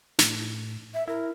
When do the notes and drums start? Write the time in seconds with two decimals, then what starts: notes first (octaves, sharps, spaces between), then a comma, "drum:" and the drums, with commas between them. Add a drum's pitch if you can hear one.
0.19 A2, drum: snare
0.94 E5
1.08 E4 A#4